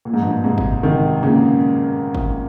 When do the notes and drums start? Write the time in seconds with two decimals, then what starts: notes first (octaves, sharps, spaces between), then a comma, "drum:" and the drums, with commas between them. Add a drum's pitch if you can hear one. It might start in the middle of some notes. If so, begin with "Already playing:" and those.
0.05 A#2
0.14 G#2
0.22 G2 A#2
0.44 G#2 C3
0.58 drum: kick
0.83 C3 D#3
1.23 A#2 C#3
2.15 drum: kick